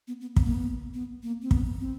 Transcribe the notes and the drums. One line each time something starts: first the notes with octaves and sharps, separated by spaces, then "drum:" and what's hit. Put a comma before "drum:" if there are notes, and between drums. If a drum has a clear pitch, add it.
B3
B3
B3, drum: kick
A#3
B3
B3
A#3
C4
B3, drum: kick
C4